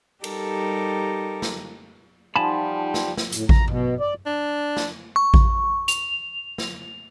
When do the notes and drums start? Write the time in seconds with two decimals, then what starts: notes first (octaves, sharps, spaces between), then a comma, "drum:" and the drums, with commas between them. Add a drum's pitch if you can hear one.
0.24 G3 D#4 G4 A4 A#4, drum: cymbal
1.42 drum: snare
2.36 F3 G3 D#4 F#5 G#5 A5 B5 C6
2.94 drum: snare
3.17 drum: snare
3.32 A2, drum: hi-hat
3.49 A#5, drum: kick A1
3.68 B2, drum: tom G2
4.00 D5
4.26 D4
4.77 drum: snare
5.16 C#6
5.34 drum: kick A1
5.88 F7, drum: hi-hat
6.58 drum: snare